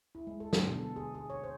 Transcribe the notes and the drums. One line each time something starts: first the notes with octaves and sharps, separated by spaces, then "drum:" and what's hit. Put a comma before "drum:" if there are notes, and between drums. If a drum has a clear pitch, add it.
E4
G#3
A4
D3, drum: snare
B2
A4
G#4
G#4
C#5
C5